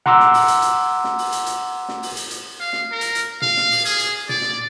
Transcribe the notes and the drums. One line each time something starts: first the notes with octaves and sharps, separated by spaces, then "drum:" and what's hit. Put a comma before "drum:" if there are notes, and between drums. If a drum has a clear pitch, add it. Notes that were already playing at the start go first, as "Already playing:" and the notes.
F#5 A#5 C6 D6 E6, drum: tom A#2
drum: snare
drum: open hi-hat
drum: hi-hat
drum: hi-hat
drum: snare
drum: open hi-hat
drum: hi-hat
drum: hi-hat
drum: snare
drum: open hi-hat
drum: hi-hat
drum: hi-hat
F5
drum: snare
A#4
drum: hi-hat
drum: hi-hat
F5, drum: tom A#2
drum: snare
drum: open hi-hat
G#4, drum: hi-hat
drum: hi-hat
D5, drum: tom A#2
drum: snare